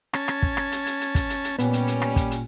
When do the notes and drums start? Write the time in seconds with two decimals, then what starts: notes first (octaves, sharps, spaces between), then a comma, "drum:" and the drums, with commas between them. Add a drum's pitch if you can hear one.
0.14 C#4 A5 G#6, drum: rim click
0.28 drum: rim click
0.42 drum: kick
0.57 drum: rim click
0.71 drum: hi-hat
0.86 drum: hi-hat
1.00 drum: hi-hat
1.15 drum: kick, hi-hat
1.29 drum: hi-hat
1.44 drum: hi-hat
1.59 A#2 G3 B3 C#4, drum: hi-hat
1.73 drum: hi-hat
1.87 drum: hi-hat
2.02 drum: rim click
2.16 drum: kick, hi-hat
2.31 drum: hi-hat